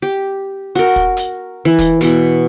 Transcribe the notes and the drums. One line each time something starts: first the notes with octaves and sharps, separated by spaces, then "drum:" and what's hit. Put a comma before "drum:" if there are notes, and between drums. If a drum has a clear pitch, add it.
G4
F#4 A#4, drum: open hi-hat
drum: kick
drum: hi-hat
E3
drum: kick, hi-hat
B2 E3, drum: hi-hat